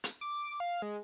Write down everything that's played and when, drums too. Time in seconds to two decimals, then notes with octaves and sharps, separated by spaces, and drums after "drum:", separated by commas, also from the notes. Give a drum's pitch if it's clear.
0.04 drum: hi-hat
0.21 D6
0.60 F5
0.82 G#3